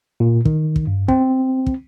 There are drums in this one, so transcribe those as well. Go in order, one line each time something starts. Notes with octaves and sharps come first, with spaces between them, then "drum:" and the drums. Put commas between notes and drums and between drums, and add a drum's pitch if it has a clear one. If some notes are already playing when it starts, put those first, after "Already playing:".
A#2
D#3, drum: kick
drum: kick
G2
C4, drum: kick
drum: kick